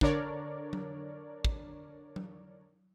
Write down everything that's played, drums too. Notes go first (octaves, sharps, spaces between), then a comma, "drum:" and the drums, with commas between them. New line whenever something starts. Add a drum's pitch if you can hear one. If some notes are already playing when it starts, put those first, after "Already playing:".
D3 D4 A#4 C#5 D5, drum: kick
drum: tom F#3
drum: kick
drum: tom F#3